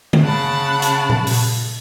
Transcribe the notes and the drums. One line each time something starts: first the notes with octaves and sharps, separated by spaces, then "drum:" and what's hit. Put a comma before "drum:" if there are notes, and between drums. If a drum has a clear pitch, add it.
drum: tom D3
C#3 F#5 A5 B5
drum: hi-hat
drum: tom A#2
drum: open hi-hat